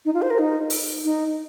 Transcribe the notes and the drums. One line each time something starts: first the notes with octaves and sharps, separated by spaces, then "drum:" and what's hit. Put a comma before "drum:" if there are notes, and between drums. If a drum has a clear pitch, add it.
D#4
F4
C5
A#4
D#4
drum: open hi-hat
D#4